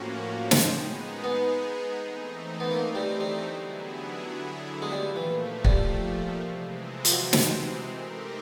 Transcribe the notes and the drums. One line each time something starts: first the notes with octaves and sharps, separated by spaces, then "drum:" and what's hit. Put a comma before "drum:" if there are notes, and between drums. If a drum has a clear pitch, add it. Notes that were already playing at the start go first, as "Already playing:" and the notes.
Already playing: A2 F3 A#3 C#4 F#4
G#3 B3 C4 D#4 G#4, drum: snare
B3
E3 A3 C4 D#4
B3
A#3
G3
G3
D3 F#3 B3 E4 G#4
G#3
A#2 F3 G3 A3
E3
G3, drum: kick
C3 E3 G#3 C4
F3, drum: hi-hat
F#3
drum: snare
A3 C4 D#4 G4 A#4